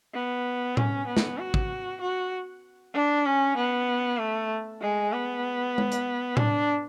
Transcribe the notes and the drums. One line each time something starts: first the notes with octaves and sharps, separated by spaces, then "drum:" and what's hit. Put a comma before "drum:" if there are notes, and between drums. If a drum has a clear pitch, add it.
B3
C#4, drum: tom A2
B3
drum: snare
F#4
drum: kick
F#4
D4
C#4
B3
A3
G#3
B3
drum: tom G#3
drum: hi-hat
D4, drum: tom A2